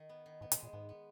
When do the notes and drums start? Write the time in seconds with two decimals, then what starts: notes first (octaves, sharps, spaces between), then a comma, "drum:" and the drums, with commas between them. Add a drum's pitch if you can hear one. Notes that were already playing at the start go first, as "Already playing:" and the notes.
Already playing: D#3
0.09 B3
0.26 D#3
0.41 G#2 B3
0.52 A#2, drum: hi-hat
0.57 G#3
0.63 A#2
0.73 G#2 B3
0.89 B3